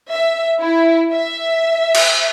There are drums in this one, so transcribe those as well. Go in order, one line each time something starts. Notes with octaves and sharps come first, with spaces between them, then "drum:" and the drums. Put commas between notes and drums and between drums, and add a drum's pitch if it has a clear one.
E5
E4
E5
drum: cymbal